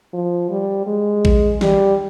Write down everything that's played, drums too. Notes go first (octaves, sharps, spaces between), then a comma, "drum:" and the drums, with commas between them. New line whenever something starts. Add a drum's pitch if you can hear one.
F3
G3
G#3
drum: kick A1
G3, drum: snare